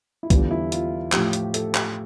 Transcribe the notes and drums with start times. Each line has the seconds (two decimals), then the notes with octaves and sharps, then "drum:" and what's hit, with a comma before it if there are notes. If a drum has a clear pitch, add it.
0.23 E4
0.30 E2 D3 G3 F4, drum: kick B1, hi-hat
0.51 E4
0.72 F4, drum: hi-hat
1.12 A2 F3 G4, drum: clap
1.33 drum: hi-hat
1.54 A4, drum: hi-hat
1.75 G4, drum: clap